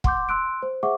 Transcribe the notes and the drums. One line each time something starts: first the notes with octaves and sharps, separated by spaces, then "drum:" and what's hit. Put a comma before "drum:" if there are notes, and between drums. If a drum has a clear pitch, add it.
F#5 C6 D6 G6, drum: kick
C6 E6 F#6 D7
C5
G#4 C5 E5 F#5 C#6 D6